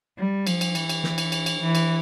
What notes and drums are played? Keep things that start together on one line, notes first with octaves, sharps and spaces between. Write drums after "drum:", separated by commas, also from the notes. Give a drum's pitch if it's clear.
G3
F3, drum: cymbal
drum: cymbal
E3, drum: cymbal
drum: cymbal
drum: snare
drum: cymbal
drum: cymbal
drum: cymbal
E3
drum: cymbal